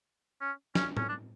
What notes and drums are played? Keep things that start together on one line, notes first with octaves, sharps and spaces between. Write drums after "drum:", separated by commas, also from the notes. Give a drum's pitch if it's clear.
C#4
C#4, drum: snare
C#4, drum: tom A2
D4